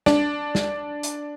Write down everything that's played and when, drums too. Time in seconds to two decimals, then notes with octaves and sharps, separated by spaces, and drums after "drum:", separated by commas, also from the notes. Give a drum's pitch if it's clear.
0.06 D4, drum: snare
0.55 drum: snare
1.03 drum: hi-hat